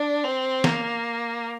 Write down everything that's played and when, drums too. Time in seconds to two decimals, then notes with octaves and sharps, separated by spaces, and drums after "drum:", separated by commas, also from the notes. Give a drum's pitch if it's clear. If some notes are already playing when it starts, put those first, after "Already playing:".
Already playing: D4
0.23 C4
0.64 A#3, drum: snare